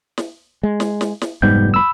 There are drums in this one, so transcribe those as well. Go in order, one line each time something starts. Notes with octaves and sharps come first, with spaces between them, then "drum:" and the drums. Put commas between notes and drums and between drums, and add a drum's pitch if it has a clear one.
drum: snare
G#3
drum: snare
drum: snare
drum: snare
F1 G#2 G3 B3 G6
B5 E6